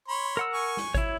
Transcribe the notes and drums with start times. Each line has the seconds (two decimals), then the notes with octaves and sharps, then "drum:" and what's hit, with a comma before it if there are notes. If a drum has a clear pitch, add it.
0.08 C#5 B5 C6
0.37 A#4 F#5 E6
0.54 G#5 C#6
0.77 drum: snare
0.94 E4 C#5, drum: kick G#1, hi-hat